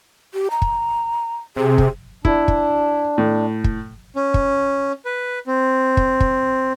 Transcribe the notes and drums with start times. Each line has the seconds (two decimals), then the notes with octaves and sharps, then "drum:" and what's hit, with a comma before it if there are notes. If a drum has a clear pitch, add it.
0.34 G4
0.51 A#5
0.62 drum: kick
1.56 C3 G#4
1.78 drum: kick
2.25 D4 E4, drum: kick
2.48 drum: kick
3.18 A2
3.64 drum: kick
4.16 C#4
4.34 drum: kick
5.05 B4
5.47 C4
5.97 drum: kick
6.20 drum: kick